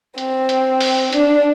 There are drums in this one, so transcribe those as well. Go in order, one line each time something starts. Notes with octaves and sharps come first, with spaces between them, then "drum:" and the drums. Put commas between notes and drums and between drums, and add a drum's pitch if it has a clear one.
C4, drum: hi-hat
drum: hi-hat
drum: open hi-hat
D4, drum: hi-hat